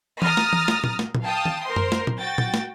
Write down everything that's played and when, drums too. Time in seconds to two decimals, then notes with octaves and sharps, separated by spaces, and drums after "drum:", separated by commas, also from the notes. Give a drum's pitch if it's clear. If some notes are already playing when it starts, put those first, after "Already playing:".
0.22 A#5 D#6 F6 A6, drum: tom E3
0.37 drum: snare
0.53 drum: tom E3
0.68 drum: snare
0.84 drum: tom A#2
0.99 drum: snare
1.15 drum: tom A#2
1.24 F5 G5 A5 D#6
1.45 drum: tom D#3
1.65 A#4 C5 C6
1.76 drum: tom F#2
1.92 drum: snare
2.07 drum: tom A#2
2.18 F#4 G5 A6
2.38 drum: tom A#2
2.54 drum: snare